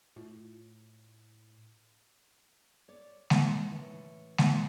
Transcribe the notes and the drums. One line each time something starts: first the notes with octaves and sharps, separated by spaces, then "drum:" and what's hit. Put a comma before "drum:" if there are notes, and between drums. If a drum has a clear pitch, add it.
A2 F4
C#5 D5
D#3 C#4, drum: snare G#3
A2 E3 C#4
drum: snare G#3